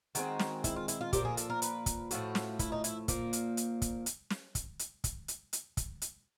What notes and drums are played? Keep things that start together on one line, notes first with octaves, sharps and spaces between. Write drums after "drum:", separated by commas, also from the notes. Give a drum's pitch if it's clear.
D#3 G#3 C4 F#4, drum: hi-hat
drum: snare
E4, drum: kick, hi-hat
F4
E4, drum: hi-hat
F4
A#2 F3 A#3 G4, drum: kick, hi-hat
G#4
A4, drum: hi-hat
A#4
B4, drum: hi-hat
drum: kick, hi-hat
A2 F3 A3 F#4, drum: hi-hat
drum: snare
E4, drum: kick, hi-hat
D#4
E4, drum: hi-hat
A#2 F3 A#3, drum: kick, hi-hat
drum: hi-hat
drum: hi-hat
drum: kick, hi-hat
drum: hi-hat
drum: snare
drum: kick, hi-hat
drum: hi-hat
drum: kick, hi-hat
drum: hi-hat
drum: hi-hat
drum: kick, hi-hat
drum: hi-hat